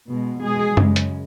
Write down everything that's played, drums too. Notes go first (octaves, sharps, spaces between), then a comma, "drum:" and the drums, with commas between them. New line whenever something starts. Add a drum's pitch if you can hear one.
B2 G#3
B2 G#3 G#4
F#2 C#3 G#3, drum: tom F#2
drum: hi-hat